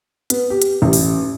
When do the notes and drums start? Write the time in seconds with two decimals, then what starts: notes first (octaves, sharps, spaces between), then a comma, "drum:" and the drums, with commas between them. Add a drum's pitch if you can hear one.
0.30 B3, drum: hi-hat
0.50 G4
0.62 drum: hi-hat
0.82 A1
0.93 drum: open hi-hat